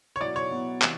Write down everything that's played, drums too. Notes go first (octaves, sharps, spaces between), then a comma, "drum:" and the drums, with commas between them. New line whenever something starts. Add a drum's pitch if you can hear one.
C#5
B2 F#3 B3 E4 D5
C#5
B2 F#3 B3 E4
C3 E3, drum: clap